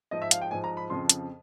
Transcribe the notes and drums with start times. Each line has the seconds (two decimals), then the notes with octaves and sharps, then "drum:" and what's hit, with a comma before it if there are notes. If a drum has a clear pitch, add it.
0.11 G#2 F3 D#5
0.22 E5
0.31 F5, drum: hi-hat
0.42 G5
0.51 G#2 F3 G#5
0.64 A#5
0.77 B5
0.90 F2 C#3 F3 C6
1.09 drum: hi-hat